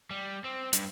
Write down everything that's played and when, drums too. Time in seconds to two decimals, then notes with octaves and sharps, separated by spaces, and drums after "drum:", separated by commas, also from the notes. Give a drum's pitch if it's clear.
0.11 G3
0.44 C4
0.73 G2, drum: hi-hat